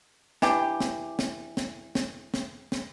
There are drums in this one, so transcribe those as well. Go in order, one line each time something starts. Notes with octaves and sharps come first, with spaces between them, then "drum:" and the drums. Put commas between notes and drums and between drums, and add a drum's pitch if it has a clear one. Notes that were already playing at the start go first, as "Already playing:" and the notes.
E3 D4 G4, drum: snare
drum: snare
drum: snare
drum: snare
drum: snare
drum: snare
drum: snare